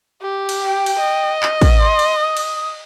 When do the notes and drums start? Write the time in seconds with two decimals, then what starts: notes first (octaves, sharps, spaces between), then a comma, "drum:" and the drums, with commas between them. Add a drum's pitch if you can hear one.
0.22 G4
0.49 drum: cymbal
0.62 G5
0.86 drum: cymbal
0.99 D#5
1.43 drum: clap
1.61 drum: kick, cymbal
1.80 C6
1.99 drum: cymbal
2.19 D#6
2.37 drum: cymbal